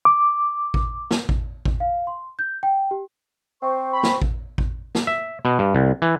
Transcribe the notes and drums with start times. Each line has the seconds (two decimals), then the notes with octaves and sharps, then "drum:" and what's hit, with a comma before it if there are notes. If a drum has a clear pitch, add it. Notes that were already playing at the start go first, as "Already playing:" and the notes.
0.05 D6
0.74 drum: kick A1
1.11 drum: snare
1.29 drum: kick A1
1.65 drum: kick A1
1.80 F5
2.07 C6
2.39 G6
2.63 G5
2.91 G4
3.62 C4 C5 C#6
3.93 B5
4.03 drum: snare
4.22 drum: kick A1
4.58 drum: kick A1
4.95 drum: snare
5.07 E5
5.45 B2
5.59 G2
5.75 C2
6.02 E3